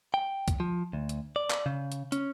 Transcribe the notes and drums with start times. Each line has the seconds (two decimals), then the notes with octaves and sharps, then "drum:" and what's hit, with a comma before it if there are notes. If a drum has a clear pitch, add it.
0.14 G5
0.48 drum: kick C#2, hi-hat
0.60 F3
0.93 D2
1.09 drum: hi-hat
1.36 D5
1.50 drum: clap
1.66 C#3
1.92 drum: hi-hat
2.12 C#4, drum: hi-hat